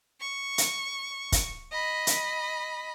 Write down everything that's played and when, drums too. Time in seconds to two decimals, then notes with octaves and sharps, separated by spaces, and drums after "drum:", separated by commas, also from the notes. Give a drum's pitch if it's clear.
0.21 C#6
0.58 drum: hi-hat
1.32 drum: kick, hi-hat
1.72 D#5 B5
2.07 drum: hi-hat